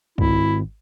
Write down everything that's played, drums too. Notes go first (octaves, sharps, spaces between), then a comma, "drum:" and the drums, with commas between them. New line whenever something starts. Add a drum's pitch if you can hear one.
G#1 E4, drum: kick C2